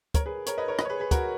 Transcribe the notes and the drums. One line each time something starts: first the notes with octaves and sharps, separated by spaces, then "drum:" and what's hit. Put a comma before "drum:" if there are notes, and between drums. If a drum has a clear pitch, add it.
A#4 C#5, drum: kick, hi-hat
G#4 B4
A#4 C#5, drum: hi-hat
B4 D#5
A#4 C#5
B4 D#5, drum: rim click
C#5
G#4 B4
G#4 B4
F#4 A#4, drum: kick, hi-hat